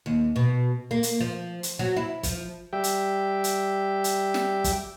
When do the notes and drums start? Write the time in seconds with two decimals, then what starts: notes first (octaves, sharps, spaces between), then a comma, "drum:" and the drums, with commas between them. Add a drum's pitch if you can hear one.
0.06 D#2
0.36 B2
0.91 A#3
1.03 drum: hi-hat
1.20 F3
1.63 drum: hi-hat
1.79 F#3
1.97 E4
2.23 F3, drum: kick, hi-hat
2.73 G3 G4 E5 G5
2.84 drum: hi-hat
3.44 drum: hi-hat
4.04 drum: hi-hat
4.34 drum: snare
4.64 drum: kick, hi-hat